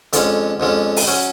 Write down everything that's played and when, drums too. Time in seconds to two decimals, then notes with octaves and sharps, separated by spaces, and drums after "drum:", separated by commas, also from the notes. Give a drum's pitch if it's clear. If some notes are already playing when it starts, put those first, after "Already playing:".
0.13 F2 D3 G#3 C#4, drum: hi-hat
0.60 F2 D3 G#3 C#4
0.96 drum: open hi-hat
1.07 F#3 C#4